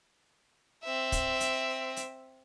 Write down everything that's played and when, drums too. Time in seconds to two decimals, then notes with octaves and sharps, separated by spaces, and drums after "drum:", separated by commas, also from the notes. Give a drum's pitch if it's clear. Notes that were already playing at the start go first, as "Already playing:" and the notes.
0.84 C4 E5
1.12 drum: kick, hi-hat
1.40 drum: hi-hat
1.96 drum: hi-hat